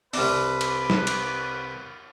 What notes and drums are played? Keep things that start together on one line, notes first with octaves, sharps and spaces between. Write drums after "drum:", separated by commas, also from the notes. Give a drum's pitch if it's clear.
C2 D4 B4, drum: open hi-hat
drum: cymbal
drum: snare
drum: cymbal